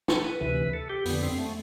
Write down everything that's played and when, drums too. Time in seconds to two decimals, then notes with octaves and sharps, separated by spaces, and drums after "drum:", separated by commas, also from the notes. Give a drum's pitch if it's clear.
0.08 A4, drum: snare
0.24 B4
0.40 D2 C3 E3 B4
0.73 A4
0.89 G4
1.05 F2 D3 B3, drum: open hi-hat
1.23 C4
1.38 A3